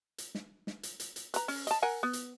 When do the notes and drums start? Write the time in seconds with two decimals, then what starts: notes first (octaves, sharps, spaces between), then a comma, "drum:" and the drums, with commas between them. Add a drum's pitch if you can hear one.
0.18 drum: hi-hat
0.35 drum: snare
0.67 drum: snare
0.83 drum: hi-hat
1.00 drum: hi-hat
1.16 drum: hi-hat
1.34 B4 A#5, drum: hi-hat
1.48 C#4, drum: open hi-hat
1.67 D#5 A5, drum: hi-hat
1.82 A#4 F#5 G#5
2.03 B3
2.13 drum: hi-hat